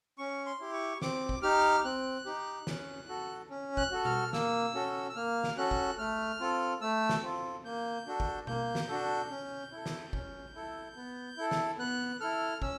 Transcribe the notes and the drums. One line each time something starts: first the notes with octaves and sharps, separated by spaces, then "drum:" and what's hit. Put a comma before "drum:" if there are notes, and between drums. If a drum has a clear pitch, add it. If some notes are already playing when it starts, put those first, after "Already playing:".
C#4 C#6
C6
E4 G4
C#6
C4 D6, drum: snare
drum: kick
D#4 G4 F6
C4 F#6
D#4 G4
C#4, drum: snare
F#4 A4
C#4
F#6, drum: kick
F#4 A4
F6, drum: tom B2
A#3 E6, drum: snare
C#4 F#4 A4
E6
A#3 F6
drum: snare
C#4 F#4 A4 F#6
drum: kick
A3 F6
C4 F4 A4
A3 E6
drum: snare
C4 F4 A4
A#3 G6
D4 F#4 A4
drum: kick
A#3 G6, drum: tom B2
drum: snare
D4 F#4 A4
C#4
E4 A4
drum: snare
C#4, drum: kick
E4 A4
B3
E4 A4
drum: snare
B3 F#6
E4 A4 F6
C#4 E6, drum: kick